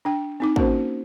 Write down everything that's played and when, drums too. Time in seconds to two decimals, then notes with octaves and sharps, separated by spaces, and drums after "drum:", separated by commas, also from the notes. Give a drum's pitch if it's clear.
0.05 D4 G5
0.40 C4 D#4 D6
0.56 A#3 C#4 F#4 A#4 C5, drum: kick